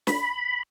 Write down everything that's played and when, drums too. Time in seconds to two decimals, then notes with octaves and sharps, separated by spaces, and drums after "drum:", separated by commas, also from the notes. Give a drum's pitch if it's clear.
0.07 B5, drum: snare